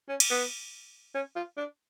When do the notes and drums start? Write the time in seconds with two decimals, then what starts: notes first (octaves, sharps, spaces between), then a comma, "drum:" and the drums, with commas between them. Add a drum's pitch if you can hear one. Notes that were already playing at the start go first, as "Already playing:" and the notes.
0.09 C#4
0.20 drum: cymbal
0.30 B3
1.14 C#4
1.36 F4
1.57 D4